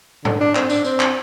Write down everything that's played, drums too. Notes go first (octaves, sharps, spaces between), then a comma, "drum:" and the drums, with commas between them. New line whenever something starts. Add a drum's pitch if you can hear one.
D3, drum: tom G#2
D4
C4, drum: clap
D4, drum: tambourine
C4, drum: tambourine
drum: clap